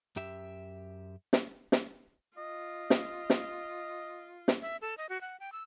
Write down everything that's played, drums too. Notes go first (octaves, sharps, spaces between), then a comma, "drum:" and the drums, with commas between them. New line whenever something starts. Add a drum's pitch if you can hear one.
F#2 G4 E5
drum: snare
drum: snare
F4 D#5
drum: snare
drum: snare
drum: snare
E5
A4
D#5
F#4
F#5
G5
E6